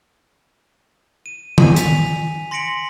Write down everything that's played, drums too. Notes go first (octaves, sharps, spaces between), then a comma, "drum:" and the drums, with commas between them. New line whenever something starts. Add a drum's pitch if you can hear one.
D#7
G#5 D#7, drum: tom D#3
B6 F7, drum: hi-hat
C6 A#6 B6 C#7 D7 F#7